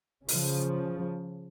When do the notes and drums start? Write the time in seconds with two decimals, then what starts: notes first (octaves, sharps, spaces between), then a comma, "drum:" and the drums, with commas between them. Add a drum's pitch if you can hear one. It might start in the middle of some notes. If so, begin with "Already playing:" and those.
0.29 C#3 F3, drum: open hi-hat